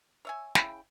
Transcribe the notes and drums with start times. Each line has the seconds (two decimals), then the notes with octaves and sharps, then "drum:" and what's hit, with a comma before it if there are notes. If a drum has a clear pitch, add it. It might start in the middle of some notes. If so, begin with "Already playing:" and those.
0.25 C#5 E5 G#5
0.55 C#3 E4 G5, drum: snare